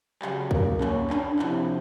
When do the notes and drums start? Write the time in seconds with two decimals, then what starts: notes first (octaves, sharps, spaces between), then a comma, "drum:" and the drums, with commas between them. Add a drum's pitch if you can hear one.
0.22 C#3 F#3 G3, drum: clap
0.51 A#3, drum: kick
0.81 C#4, drum: clap
1.10 D4, drum: clap
1.39 C3 F3 E4, drum: clap